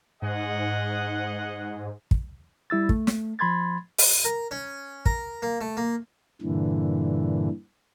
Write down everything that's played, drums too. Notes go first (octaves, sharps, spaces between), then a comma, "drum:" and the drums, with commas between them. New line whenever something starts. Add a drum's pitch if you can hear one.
G#2 G#4 D#5 F#5
drum: kick
G3 E4 E6 A6
A3, drum: kick
drum: snare
F3 B5 C6 G#6 A6
drum: open hi-hat
A#4
C#4
A#4, drum: kick
A#3
A3
A#3
G2 A#2 D3 E3